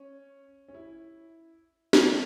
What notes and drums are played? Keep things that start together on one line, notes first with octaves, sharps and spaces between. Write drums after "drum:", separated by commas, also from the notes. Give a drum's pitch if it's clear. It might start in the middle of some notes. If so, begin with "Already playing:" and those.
Already playing: C#4
C#4
E4
C4, drum: snare
C#4